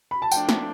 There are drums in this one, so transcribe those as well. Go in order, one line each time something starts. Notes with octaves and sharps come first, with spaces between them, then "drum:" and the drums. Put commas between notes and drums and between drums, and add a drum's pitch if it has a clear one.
B5
A5
F3 A3 D4 G5, drum: tambourine
drum: snare